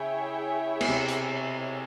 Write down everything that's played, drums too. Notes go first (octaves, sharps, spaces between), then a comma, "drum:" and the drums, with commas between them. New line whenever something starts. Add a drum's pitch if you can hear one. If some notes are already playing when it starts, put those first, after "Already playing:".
Already playing: C#3 E4 G#4 C#5 E5 G5
B2, drum: cymbal
C3
drum: hi-hat